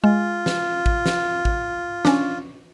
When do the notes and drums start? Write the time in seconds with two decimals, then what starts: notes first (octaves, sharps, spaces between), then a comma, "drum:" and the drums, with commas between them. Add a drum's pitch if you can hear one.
0.04 G#3 F4
0.46 drum: snare
0.86 drum: kick A1
1.06 drum: snare
1.45 drum: kick A1
2.05 C#4 D4, drum: snare